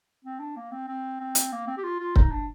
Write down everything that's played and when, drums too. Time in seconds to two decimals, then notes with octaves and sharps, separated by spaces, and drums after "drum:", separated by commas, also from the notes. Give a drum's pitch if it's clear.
0.25 C4
0.40 D4
0.57 A#3
0.72 C4
0.88 C4
1.20 C4
1.35 drum: hi-hat
1.52 A#3
1.67 C4
1.77 G4
1.84 F4
2.00 F4
2.16 D#4, drum: kick C#1
2.32 D4